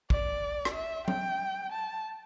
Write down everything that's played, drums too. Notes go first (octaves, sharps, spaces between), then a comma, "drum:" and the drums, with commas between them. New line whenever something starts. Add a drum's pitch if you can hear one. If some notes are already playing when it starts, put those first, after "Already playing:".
D5, drum: kick
drum: rim click
E5
G5, drum: tom F#3
A5